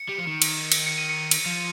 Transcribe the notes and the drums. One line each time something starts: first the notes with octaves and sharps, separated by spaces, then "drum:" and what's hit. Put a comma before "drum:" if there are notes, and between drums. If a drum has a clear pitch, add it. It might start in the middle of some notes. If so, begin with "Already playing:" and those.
Already playing: C#7
G3
F3
D#3
drum: cymbal
drum: cymbal
C#7
D#7
C#7
drum: cymbal
F3